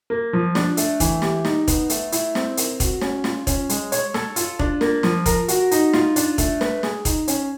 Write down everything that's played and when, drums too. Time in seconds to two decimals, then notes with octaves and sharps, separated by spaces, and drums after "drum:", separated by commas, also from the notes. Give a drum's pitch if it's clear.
0.10 A#3
0.33 F3
0.55 D4, drum: snare
0.77 A3, drum: hi-hat
1.00 E3, drum: kick E1, hi-hat
1.22 G4, drum: snare
1.45 D#4, drum: snare
1.68 B3, drum: kick E1, hi-hat
1.90 A3, drum: hi-hat
2.12 E4, drum: hi-hat
2.35 C4, drum: snare
2.57 A#4, drum: hi-hat
2.80 F#4, drum: kick E1, hi-hat
3.01 C#4, drum: snare
3.24 F4, drum: snare
3.47 C#4, drum: kick E1, hi-hat
3.69 G#3, drum: hi-hat
3.92 C#5, drum: hi-hat
4.14 A4, drum: snare
4.36 F4, drum: hi-hat
4.59 D4, drum: kick E1
4.81 A#3, drum: snare
5.03 F3, drum: snare
5.26 A#4, drum: kick E1, hi-hat
5.48 F#4, drum: hi-hat
5.71 D#4, drum: hi-hat
5.93 F4, drum: snare
6.16 D4, drum: hi-hat
6.38 A3, drum: kick E1, hi-hat
6.61 B4, drum: snare
6.83 G#4, drum: snare
7.05 D#4, drum: kick E1, hi-hat
7.28 C#4, drum: hi-hat